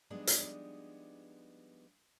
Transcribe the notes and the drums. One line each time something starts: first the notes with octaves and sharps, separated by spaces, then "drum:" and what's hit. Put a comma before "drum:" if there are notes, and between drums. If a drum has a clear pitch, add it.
F3 G3 G#3 B3 D4 D#4
drum: hi-hat